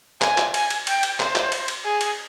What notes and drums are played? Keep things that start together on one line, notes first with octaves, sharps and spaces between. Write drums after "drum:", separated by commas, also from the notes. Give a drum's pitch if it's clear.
G#5, drum: clap
drum: clap
G#5, drum: cymbal
drum: cymbal
G5, drum: cymbal
drum: cymbal
C5, drum: clap
drum: clap
drum: cymbal
drum: cymbal
G#4
drum: cymbal